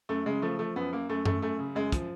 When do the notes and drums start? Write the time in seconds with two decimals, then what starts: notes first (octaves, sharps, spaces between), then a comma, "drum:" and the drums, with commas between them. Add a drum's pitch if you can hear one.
0.09 F#2 A3
0.26 C#3 G#3
0.42 F3 A3
0.59 F3 A3
0.76 F#2 B3
0.92 F#2 A#3
1.09 F#2 A3
1.26 F#2 A3, drum: tom F#2
1.42 F#2 A3
1.59 C#3
1.75 F#2 G#3
1.92 F3, drum: kick, hi-hat